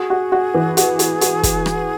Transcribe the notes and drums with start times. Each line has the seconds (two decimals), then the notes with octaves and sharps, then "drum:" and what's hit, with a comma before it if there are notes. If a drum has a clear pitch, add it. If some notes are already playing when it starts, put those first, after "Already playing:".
Already playing: F#4 G#4
0.10 F#4
0.32 F#4
0.54 E3
0.77 F#4, drum: hi-hat
0.99 F#4, drum: hi-hat
1.21 F#4, drum: hi-hat
1.43 drum: kick, hi-hat
1.66 drum: rim click